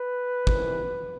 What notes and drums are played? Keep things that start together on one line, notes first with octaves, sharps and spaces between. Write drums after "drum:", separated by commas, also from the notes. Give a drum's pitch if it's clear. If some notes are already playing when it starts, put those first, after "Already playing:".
Already playing: B4
C2 C3 E3, drum: kick